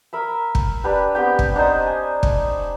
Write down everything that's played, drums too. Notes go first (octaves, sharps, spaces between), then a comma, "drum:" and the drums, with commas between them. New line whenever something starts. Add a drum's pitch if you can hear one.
A#4 E5 B5
drum: kick
D4 G4 B4
B3 C4 G4 G5
drum: kick
D4 D#4 C5 D#5
G#5
drum: kick